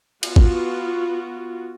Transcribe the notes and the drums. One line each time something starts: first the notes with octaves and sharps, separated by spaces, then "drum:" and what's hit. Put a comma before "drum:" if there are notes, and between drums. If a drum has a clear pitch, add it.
B3 F4 F#4, drum: cymbal
drum: kick